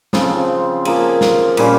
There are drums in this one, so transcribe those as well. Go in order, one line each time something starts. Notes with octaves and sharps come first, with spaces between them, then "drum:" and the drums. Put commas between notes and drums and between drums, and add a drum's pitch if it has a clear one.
C#3 F3 C4, drum: snare
F3 A#3 F4 G#4, drum: cymbal
drum: snare
A#2 G3 C#4 F4, drum: cymbal